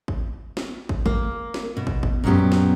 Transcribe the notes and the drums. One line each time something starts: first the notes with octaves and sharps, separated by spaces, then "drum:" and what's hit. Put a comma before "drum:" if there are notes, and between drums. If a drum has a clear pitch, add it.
drum: kick
drum: snare
drum: kick
A#3, drum: kick
drum: snare
B2
drum: kick
drum: kick
F#2 A#2 F#3 B3 G4
drum: snare